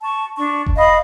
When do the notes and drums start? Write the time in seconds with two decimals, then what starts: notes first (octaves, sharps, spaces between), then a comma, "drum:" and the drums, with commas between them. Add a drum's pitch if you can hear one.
0.02 A5 C#6
0.37 D4 C#6
0.66 drum: kick F1
0.76 D#5 F5 B5 D#6